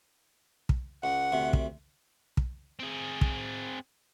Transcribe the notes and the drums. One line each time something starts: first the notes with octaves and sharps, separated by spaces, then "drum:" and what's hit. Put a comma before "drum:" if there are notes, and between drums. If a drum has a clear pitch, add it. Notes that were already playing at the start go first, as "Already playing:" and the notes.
drum: kick
C#2 F#5
D2 C3
drum: kick
drum: kick
C4 G#4
drum: kick